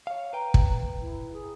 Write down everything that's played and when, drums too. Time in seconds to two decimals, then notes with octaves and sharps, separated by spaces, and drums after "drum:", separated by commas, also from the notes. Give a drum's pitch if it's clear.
0.07 C#5 F5
0.33 B4 G5 A#5
0.54 drum: kick
1.01 E4
1.33 G#4